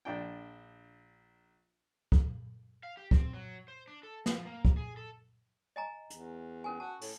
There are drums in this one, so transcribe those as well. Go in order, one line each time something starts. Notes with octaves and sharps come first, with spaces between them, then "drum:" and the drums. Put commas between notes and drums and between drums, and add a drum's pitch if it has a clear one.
A#1 D4 G5
drum: kick
F5
G4
C4, drum: kick
F#3
C5
D4
A4
F3, drum: snare
A#3
drum: kick
G#4
A4
D#5 G#5 A#5
E2, drum: hi-hat
C#4 A#4 G#5
F#4 A5
A2, drum: open hi-hat